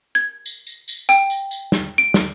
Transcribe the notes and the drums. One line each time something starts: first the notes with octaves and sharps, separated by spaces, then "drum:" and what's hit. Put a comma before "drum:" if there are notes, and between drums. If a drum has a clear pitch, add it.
G#6
drum: tambourine
drum: tambourine
drum: tambourine
G5, drum: tambourine
drum: tambourine
drum: tambourine
drum: snare
D7
drum: snare